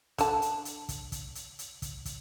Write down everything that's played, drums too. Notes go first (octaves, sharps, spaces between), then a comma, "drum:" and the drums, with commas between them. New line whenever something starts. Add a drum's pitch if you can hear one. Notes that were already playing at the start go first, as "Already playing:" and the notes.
D3 A5, drum: kick, hi-hat
drum: hi-hat
drum: hi-hat
drum: kick, hi-hat
drum: kick, hi-hat
drum: hi-hat
drum: hi-hat
drum: kick, hi-hat
drum: kick, hi-hat